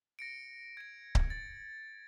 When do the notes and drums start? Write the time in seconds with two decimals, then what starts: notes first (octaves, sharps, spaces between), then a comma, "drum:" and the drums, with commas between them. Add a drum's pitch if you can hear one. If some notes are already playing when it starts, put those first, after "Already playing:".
0.19 A#6 C#7 D7
0.77 G#6 D7
1.15 drum: kick C#1
1.30 A6